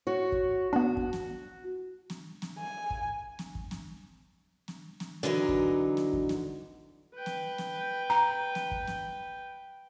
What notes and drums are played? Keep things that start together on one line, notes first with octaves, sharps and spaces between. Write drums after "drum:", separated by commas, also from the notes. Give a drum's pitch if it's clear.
F#4 C#5
drum: kick
B3 D4 F#4
drum: kick
drum: snare
drum: snare
drum: snare
G#5
drum: kick
drum: snare
drum: kick
drum: snare
drum: snare
drum: snare
D3 E3 F#3 D#4
drum: kick
drum: snare
drum: kick
drum: snare
B4 G5
drum: snare
drum: snare
A#5
drum: snare
drum: kick
drum: snare